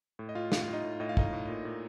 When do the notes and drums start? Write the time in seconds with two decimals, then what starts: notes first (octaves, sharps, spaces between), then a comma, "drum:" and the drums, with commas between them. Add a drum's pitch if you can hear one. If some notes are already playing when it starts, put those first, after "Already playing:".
0.19 A2
0.29 D#5
0.35 A2 F4 F5
0.52 A2 F4 F5, drum: snare
0.62 F4 F5
0.68 A2
0.73 D#4 D#5
0.84 A2
1.00 A2 D#5
1.09 F5
1.17 A2 D#4 D#5, drum: kick
1.33 A2
1.48 A#2
1.65 A#2